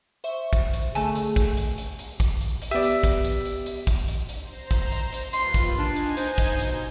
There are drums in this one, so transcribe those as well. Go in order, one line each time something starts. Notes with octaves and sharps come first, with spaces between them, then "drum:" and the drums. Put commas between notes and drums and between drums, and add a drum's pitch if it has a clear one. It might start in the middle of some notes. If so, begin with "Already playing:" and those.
C5 E5 C#6
drum: kick, hi-hat
drum: hi-hat
D3 A3 G#4 G#5 A5, drum: hi-hat
drum: hi-hat
drum: kick, hi-hat
drum: hi-hat
drum: hi-hat
drum: hi-hat
drum: kick, hi-hat
drum: hi-hat
drum: hi-hat
B3 G4 D5 E5 D#6
drum: hi-hat
drum: kick, hi-hat
drum: hi-hat
drum: hi-hat
drum: hi-hat
drum: kick, hi-hat
drum: hi-hat
drum: hi-hat
C5 A#5
drum: kick, hi-hat
drum: hi-hat
drum: hi-hat
D#2 F4 B4 C6, drum: hi-hat
drum: kick, hi-hat
D4 D#4 G#5
drum: hi-hat
C5, drum: hi-hat
drum: kick, hi-hat
B2 G6
drum: hi-hat